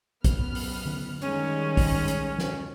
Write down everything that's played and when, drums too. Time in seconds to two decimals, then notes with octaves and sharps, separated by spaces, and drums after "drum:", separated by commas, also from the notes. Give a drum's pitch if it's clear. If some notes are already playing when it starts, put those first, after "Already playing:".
0.24 F#2 B3 F6, drum: kick, hi-hat
0.55 drum: open hi-hat
0.86 drum: tom D3
1.21 D#3 G3 G#3 C#4
1.77 drum: kick, open hi-hat
2.08 drum: hi-hat
2.38 drum: snare